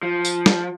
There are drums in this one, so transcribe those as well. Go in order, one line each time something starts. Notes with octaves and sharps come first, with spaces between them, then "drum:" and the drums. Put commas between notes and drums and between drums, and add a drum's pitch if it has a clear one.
F3
drum: tambourine
drum: snare